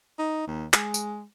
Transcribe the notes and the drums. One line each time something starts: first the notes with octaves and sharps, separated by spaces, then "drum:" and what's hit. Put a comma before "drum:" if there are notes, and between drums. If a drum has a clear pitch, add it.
D#4
D#2
G#3, drum: clap
drum: tambourine